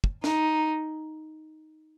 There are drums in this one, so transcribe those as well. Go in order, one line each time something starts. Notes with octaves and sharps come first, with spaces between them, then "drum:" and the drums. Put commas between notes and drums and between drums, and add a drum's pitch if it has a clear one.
drum: kick
D#4, drum: snare